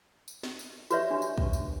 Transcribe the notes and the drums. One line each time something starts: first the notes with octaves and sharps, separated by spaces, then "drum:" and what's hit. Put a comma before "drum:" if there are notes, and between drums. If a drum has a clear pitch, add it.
drum: tambourine
drum: snare
drum: tambourine
F#4 G4 B4 C#5 D5 E5, drum: tambourine
D4 G4
drum: tambourine
drum: kick
drum: tambourine